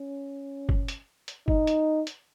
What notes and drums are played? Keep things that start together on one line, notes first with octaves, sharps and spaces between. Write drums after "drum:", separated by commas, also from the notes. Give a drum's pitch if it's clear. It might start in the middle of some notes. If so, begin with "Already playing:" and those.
Already playing: C#4
drum: kick G1
drum: hi-hat
drum: hi-hat
D#4, drum: kick G1
drum: hi-hat
drum: hi-hat